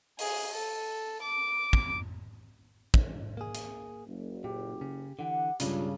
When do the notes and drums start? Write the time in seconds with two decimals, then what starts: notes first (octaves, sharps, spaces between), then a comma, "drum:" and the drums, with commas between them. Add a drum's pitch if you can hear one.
0.19 G#4, drum: open hi-hat
0.54 A4
1.22 D6
1.73 drum: kick
2.94 drum: kick
3.37 A#3 G#4
3.55 drum: hi-hat
4.06 F#1
4.44 A#2 G4
4.81 C#3
5.19 D3 E3 F#5
5.60 B1 G2 C#3 G#3 D4 F4, drum: hi-hat